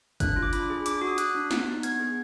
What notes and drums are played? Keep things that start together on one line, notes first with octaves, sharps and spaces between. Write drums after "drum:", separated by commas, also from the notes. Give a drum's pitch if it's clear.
D4 F#6, drum: kick, hi-hat
F4
D6
D4 B5, drum: hi-hat
G#4
D4 D6, drum: hi-hat
F#4 D6
D#6
F#4 F#6, drum: hi-hat
D4
B3, drum: snare
D#4
B3 G#6, drum: hi-hat
G#4